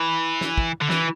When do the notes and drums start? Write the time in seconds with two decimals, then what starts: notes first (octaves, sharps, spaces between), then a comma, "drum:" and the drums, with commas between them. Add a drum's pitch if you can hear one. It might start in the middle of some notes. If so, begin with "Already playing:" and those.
Already playing: E3
0.41 drum: snare
0.58 drum: kick
0.82 D3
0.90 E3, drum: snare